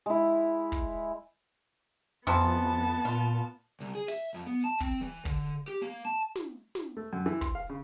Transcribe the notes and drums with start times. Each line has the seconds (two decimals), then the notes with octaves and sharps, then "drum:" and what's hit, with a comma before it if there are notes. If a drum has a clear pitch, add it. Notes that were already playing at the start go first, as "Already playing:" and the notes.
0.06 G#3 E4
0.72 drum: kick
2.27 F2 C3 E3 F3 B3 A5
2.41 drum: hi-hat
3.05 A#2 F4
3.80 C2
3.95 G#4
4.08 E5, drum: open hi-hat
4.34 F2
4.47 B3
4.64 A5
4.80 C4, drum: kick
5.01 E3
5.25 D3, drum: kick
5.68 G4
5.82 A#3
6.05 A5
6.36 drum: snare
6.75 drum: snare
6.97 A3
7.13 F#2
7.26 E3
7.41 C6, drum: kick
7.55 F5
7.70 C#3